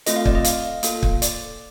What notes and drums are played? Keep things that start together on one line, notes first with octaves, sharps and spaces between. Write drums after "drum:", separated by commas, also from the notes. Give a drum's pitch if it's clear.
A3 C4 F4 A4 D#5, drum: hi-hat
F5
D5, drum: kick
D#5
F5, drum: hi-hat
A#3 F4 A4, drum: hi-hat
drum: kick
D5, drum: hi-hat